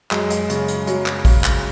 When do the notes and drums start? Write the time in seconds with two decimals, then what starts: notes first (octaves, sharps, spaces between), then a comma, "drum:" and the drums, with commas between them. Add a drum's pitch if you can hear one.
0.11 F#2 G#3, drum: clap
0.30 drum: hi-hat
0.50 C#3, drum: hi-hat
0.68 drum: hi-hat
0.87 F#2 F#3, drum: hi-hat
1.06 drum: clap
1.25 C#3, drum: kick, open hi-hat
1.44 drum: clap